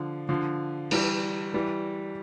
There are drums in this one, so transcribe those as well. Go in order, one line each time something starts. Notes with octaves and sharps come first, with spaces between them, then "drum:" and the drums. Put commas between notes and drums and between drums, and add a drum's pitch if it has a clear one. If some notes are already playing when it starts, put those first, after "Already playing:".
Already playing: D3 F3
D3 F3
E3 G3, drum: cymbal
E3 G3